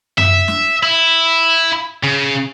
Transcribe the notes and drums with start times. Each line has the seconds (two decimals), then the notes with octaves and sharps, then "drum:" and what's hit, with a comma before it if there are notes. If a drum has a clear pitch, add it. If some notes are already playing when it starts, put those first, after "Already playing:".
0.18 E5, drum: tom F#2
0.48 drum: snare
0.83 E4
2.04 C#3